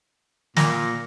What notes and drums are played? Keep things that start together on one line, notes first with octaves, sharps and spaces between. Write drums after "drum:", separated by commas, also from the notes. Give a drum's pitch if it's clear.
A#2 A#6, drum: snare